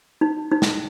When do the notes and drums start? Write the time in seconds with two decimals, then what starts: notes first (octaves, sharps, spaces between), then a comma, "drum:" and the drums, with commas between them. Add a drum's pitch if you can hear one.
0.21 D#4
0.51 D#4
0.62 drum: snare